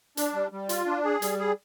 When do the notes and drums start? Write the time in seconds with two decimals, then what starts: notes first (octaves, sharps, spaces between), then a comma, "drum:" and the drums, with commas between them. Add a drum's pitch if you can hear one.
0.17 D4, drum: hi-hat
0.34 G3
0.52 G3
0.69 F4, drum: hi-hat
0.86 D4
1.04 G#4
1.22 G3, drum: hi-hat
1.39 G#4